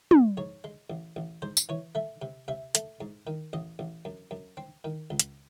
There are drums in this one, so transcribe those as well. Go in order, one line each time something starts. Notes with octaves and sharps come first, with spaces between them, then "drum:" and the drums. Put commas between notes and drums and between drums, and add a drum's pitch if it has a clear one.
G#3, drum: tom
G#2 C#5
G#3
A1
A1
G#2 C5
drum: tambourine
E3 C#5
A3 E5
C3
C3 E5
A3, drum: hi-hat
G#2
D#3
A1 D#5
A1
F#2
F#2
C4
D#3
C#2
drum: hi-hat